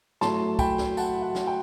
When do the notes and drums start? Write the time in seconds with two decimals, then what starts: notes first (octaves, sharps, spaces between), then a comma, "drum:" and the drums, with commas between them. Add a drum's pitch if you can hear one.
0.21 A2 F#3 A3 A5 C6, drum: snare
0.59 G5 B5, drum: kick, tambourine
0.78 drum: snare
0.97 F#5 A5, drum: tambourine
1.22 F#5
1.35 drum: snare
1.47 G5